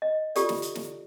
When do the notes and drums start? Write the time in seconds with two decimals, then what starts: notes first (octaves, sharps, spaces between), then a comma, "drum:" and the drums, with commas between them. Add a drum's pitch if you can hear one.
0.02 D#5
0.35 F4 G4 A4 D5, drum: hi-hat
0.49 drum: snare
0.62 drum: hi-hat
0.75 drum: snare